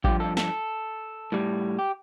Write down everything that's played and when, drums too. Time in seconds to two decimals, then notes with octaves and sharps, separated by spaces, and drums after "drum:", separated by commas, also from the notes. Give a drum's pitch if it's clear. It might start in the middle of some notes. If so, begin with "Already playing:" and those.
0.04 G2 F3 G4, drum: kick A1
0.20 A4
0.37 A4, drum: snare
1.32 A2 G3
1.79 G4